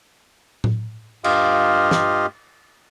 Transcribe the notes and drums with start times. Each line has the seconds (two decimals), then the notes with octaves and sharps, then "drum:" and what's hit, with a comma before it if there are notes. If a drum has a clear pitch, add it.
0.64 drum: tom A2
1.24 G2 F4 G4 D#5 F5, drum: cymbal
1.91 drum: snare